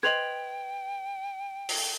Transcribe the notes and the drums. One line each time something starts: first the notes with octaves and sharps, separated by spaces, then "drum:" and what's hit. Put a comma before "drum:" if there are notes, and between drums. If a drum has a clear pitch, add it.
B4 C5 D#5 G5 G#6 F7 F#7
drum: open hi-hat